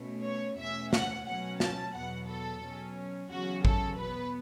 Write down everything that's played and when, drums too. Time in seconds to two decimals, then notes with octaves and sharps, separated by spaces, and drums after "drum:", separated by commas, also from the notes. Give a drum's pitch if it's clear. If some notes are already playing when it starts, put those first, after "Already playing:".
Already playing: B2 A3 C#4
0.25 C#5
0.58 E2 B2 A3 C#4 E5
0.93 F#5, drum: snare
1.27 B2 F#3 A3 C#4 F#5
1.60 A5, drum: snare
1.94 E2 B2 F#3 B3 F#5
2.28 A4
2.62 B2 F#3 C#4
3.31 E2 C#3 F#3 C#4 F#4
3.65 A4, drum: kick A1
3.98 B2 B3 B4